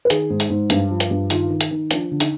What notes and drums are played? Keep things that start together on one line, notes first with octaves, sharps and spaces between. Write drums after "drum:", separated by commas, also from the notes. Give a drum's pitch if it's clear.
B4
D#3 G#4, drum: hi-hat
G#2
drum: hi-hat
G#2
G2, drum: hi-hat
F3
drum: hi-hat
G2
D#3 F4, drum: hi-hat
D#3
drum: hi-hat
D#3
F3 D4, drum: hi-hat
D3
D#4, drum: hi-hat